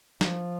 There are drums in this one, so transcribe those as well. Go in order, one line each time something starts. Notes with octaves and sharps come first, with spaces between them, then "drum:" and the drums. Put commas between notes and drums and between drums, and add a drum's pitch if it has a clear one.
F3, drum: snare